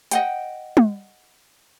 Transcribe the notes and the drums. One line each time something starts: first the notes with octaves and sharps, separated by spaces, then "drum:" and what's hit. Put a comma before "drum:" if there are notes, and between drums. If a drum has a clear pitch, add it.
D#5 F#5 G5, drum: hi-hat
drum: tom